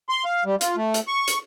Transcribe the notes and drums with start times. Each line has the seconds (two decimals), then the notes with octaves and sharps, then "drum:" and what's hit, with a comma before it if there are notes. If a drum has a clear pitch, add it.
0.09 C6
0.25 F5
0.45 G3
0.61 F4, drum: hi-hat
0.76 A3
0.94 drum: hi-hat
1.08 C#6
1.28 drum: hi-hat